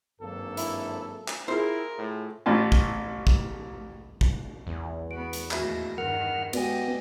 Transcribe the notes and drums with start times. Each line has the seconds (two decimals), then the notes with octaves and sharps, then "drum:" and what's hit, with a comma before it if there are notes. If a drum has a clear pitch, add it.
0.20 G#1 G2 F#3 A#3 A4
0.57 E4, drum: hi-hat
1.28 drum: clap
1.48 E4 F4 G#4 A#4 C5
1.98 A2
2.46 A1 A2 F4 A5
2.72 drum: kick G#1
3.27 drum: kick G#1
4.21 drum: kick G#1
4.67 E2
5.11 B3 F#4 D7
5.33 drum: hi-hat
5.51 D#2 A2 F#4 E5 B5 A#6, drum: clap
5.98 G2 D#3 A#4 F#5 F6
6.53 G#3 B3 F#4 G4 D5 D#5 G#5, drum: cymbal